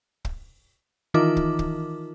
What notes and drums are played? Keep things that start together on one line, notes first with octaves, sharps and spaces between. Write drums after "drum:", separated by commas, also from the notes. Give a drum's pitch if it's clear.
drum: kick
D#3 E3 D#4 F4 A#4 D6
drum: kick
drum: kick